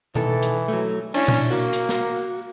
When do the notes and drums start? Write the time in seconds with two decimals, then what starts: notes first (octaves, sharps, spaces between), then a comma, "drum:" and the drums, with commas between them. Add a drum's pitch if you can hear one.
0.15 A2 D#3 E3 A4, drum: tom B2
0.43 drum: hi-hat
0.68 F#3 A3
1.14 C#4 D4 E4, drum: cymbal
1.28 drum: tom A#2
1.51 A#3 F#4
1.73 drum: hi-hat
1.89 drum: snare